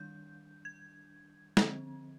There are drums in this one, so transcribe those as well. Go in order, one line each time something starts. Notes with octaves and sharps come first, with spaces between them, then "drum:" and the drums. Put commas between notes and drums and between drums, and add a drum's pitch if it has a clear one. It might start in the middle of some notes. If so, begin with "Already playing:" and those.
Already playing: D#3 G3 D4 G6
G#6
D3 F3 C4, drum: snare